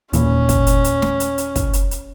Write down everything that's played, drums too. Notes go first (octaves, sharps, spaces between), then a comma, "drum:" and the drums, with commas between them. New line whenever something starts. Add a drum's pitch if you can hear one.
D#1 A#2 E3 C#4, drum: hi-hat
drum: kick, hi-hat
drum: hi-hat
drum: hi-hat
drum: snare
drum: hi-hat
drum: hi-hat
drum: kick, hi-hat
drum: hi-hat
drum: hi-hat